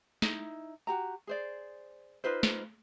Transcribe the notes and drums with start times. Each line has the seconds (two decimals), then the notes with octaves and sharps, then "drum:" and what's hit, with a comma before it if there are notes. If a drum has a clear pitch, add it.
0.22 D#4 E4, drum: snare
0.87 F#4 G4 A#5
1.27 G#4 C5 D5
2.24 D#4 F4 B4 C5
2.43 drum: snare